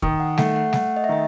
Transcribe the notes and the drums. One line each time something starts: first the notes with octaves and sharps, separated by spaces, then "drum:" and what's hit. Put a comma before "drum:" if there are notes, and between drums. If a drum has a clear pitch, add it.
D#3 D#6, drum: kick
F#5
A3 F#5, drum: snare G3
F#5
A3 F#5, drum: snare G3
D#5
E5
D#3 D#5